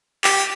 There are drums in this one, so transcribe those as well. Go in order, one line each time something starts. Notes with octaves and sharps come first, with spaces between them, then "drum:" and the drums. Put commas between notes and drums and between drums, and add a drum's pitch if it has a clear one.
G4, drum: clap